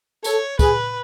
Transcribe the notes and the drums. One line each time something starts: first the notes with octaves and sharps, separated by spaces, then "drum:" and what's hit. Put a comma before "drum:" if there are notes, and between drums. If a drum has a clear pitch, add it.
A4 C#5, drum: tambourine
G#4 B4, drum: kick, tambourine